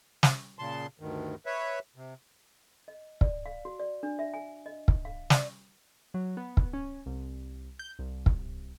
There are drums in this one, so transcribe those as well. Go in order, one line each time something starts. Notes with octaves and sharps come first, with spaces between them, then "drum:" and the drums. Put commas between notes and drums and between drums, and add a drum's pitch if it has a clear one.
drum: snare
A#2 C#3 A5 C6
D2 G2 D#3
B4 C#5 E5
C3
D#5
D5, drum: kick
F5
F#4
D5
D4
E5
G#5
D#5
drum: kick
F5
D5, drum: snare
F#3
B3
drum: kick
C#4
C2
G6
C2
drum: kick